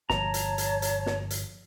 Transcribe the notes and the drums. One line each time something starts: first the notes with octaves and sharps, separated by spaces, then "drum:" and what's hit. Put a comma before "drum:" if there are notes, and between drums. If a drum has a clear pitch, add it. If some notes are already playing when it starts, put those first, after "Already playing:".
G1 A#2 F3 C#5 A5 A#5, drum: snare
drum: hi-hat
drum: hi-hat
drum: hi-hat
drum: snare
drum: hi-hat